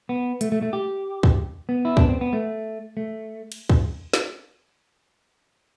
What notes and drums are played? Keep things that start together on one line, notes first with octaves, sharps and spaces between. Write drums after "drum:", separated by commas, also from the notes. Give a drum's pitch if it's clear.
B3
A3, drum: hi-hat
A3
A3
G4
drum: kick
B3
E4
D4, drum: kick
C4
B3
A3
A3
drum: cymbal
drum: kick
drum: snare